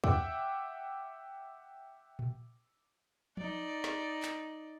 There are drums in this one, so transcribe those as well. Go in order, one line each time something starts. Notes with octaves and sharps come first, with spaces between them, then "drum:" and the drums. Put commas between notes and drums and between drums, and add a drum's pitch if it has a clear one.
E5 F#5 G5 D6 E6, drum: kick
drum: tom A#2
D#4 D5, drum: tom
drum: snare
drum: clap